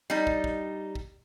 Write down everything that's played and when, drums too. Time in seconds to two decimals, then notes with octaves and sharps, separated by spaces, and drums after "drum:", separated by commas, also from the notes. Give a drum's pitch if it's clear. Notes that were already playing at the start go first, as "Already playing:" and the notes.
0.10 G3 D#4
0.27 drum: kick
0.44 drum: kick
0.95 drum: kick